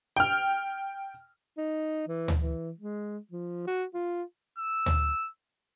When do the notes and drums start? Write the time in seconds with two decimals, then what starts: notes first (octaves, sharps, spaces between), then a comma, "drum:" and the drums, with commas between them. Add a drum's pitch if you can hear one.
0.17 G5 F6
1.57 D#4
2.08 E3
2.28 drum: tom
2.38 E3
2.79 G#3
3.31 F3
3.67 F#4
3.94 F4
4.59 E6
4.86 drum: tom